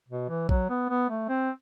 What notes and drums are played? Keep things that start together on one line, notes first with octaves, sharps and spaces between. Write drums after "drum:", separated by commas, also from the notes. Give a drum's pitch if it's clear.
B2
E3
F#3, drum: kick
B3
B3
A3
C4